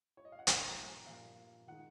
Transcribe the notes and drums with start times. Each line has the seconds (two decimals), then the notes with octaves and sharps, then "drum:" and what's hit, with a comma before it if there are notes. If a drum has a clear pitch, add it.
0.17 C#5
0.25 D#5
0.32 F5
0.39 F#5
0.47 A#2 F3 A#3 G#5, drum: hi-hat
0.66 A#5
0.87 G#5
1.07 A#2 F3 A#3 F5
1.67 D#3 G#3 D#4 F#5